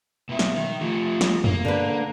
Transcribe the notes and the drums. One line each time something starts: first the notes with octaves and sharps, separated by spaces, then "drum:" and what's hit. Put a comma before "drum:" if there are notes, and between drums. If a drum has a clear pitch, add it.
B2 E4
drum: snare
D#3
F3 A3
drum: snare
A#3, drum: tom
D3 B4